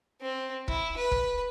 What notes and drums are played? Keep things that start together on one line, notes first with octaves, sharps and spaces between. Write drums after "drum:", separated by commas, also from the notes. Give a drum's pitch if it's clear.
C4
E4, drum: kick
B4
drum: kick